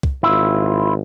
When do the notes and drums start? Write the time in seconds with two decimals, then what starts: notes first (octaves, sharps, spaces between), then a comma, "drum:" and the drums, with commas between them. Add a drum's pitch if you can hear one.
0.03 drum: kick
0.23 G#1 E4 F4